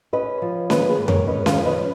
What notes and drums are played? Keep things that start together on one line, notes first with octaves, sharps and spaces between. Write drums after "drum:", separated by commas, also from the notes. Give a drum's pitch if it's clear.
C#4 B4 D#5
F3
A#3 B4 D#5, drum: snare C#4
G#4 B4
G#2
A#4 C#5, drum: tom F2
C#4 B4 D#5
C#5 F5, drum: snare C#4
F3
B4 D#5